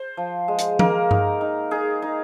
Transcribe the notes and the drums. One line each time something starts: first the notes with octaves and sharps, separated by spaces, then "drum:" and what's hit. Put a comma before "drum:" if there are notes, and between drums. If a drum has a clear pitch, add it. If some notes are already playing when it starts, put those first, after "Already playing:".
Already playing: C5
F3
G#3
drum: hi-hat
A#3 A#4, drum: tom F3
D#4, drum: tom G2
D#4
D#4 G#4
D#4